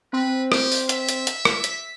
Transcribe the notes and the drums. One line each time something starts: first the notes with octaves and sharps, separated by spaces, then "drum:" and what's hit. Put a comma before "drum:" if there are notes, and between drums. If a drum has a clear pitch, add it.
C4 B4
G4, drum: rim click
drum: open hi-hat
E5, drum: hi-hat
drum: hi-hat
drum: hi-hat
drum: rim click
B6, drum: hi-hat